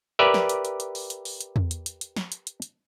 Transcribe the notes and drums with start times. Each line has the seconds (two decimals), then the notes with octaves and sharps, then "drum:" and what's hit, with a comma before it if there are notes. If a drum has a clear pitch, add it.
0.19 G4 A#4 B4 D5 E5
0.34 drum: snare
0.49 drum: hi-hat
0.65 drum: hi-hat
0.80 drum: hi-hat
0.95 drum: open hi-hat
1.10 drum: hi-hat
1.25 drum: open hi-hat
1.41 drum: hi-hat
1.56 drum: tom E2
1.71 drum: hi-hat
1.86 drum: hi-hat
2.01 drum: hi-hat
2.16 drum: snare
2.32 drum: hi-hat
2.47 drum: hi-hat
2.62 drum: hi-hat